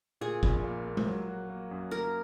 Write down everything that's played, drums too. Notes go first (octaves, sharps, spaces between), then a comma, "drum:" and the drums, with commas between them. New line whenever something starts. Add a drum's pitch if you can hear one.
A#2 G#4
A#1, drum: kick
A#3
A#3
drum: tom G#3
F#3
F#4
A#3
F#2
A#3 A#4